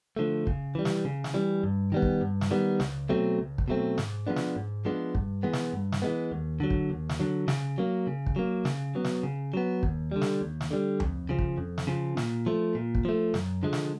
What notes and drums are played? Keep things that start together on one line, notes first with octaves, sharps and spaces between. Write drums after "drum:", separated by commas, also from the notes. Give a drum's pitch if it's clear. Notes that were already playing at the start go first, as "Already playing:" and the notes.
D3 F3 A3
C#3, drum: kick
E3 G3
drum: snare
C#3
drum: snare
E3 G3
G2
D#3 G3 B3
drum: kick
G2
drum: snare
D#3 G3 B3
C#2, drum: snare
B2 F#3 A3 C4
C#2
drum: kick
B2 F#3 A3 C4
G#2, drum: snare
F3 G#3 B3 D4
drum: snare
G#2
F3 G#3 B3 D4
G2, drum: kick
E3 G#3 B3
drum: snare
G2
drum: snare
E3 G#3 B3
D#2
D3 F#3
drum: kick
D#2
drum: snare
D3 F#3
C#3, drum: snare
F#3 A#3
C#3
drum: kick
F#3 A#3
C#3, drum: snare
F#3 B3
drum: snare
C#3
F#3 B3
D#2, drum: kick
D3 G3
drum: snare
D#2
drum: snare
D3 G3
F2, drum: tom D2
C#3 F3
drum: kick
F2
drum: snare
C#3 F3
A#2, drum: snare
F3 A3
A#2
drum: kick
F3 A3
F#2, drum: snare
D3 F3 G#3
drum: snare